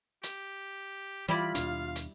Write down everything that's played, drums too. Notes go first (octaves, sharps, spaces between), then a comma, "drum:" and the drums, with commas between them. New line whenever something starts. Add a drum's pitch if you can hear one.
G4, drum: hi-hat
E3 G3 E4 F4 D5 B5
D#2 B2 D4 F5, drum: hi-hat
drum: hi-hat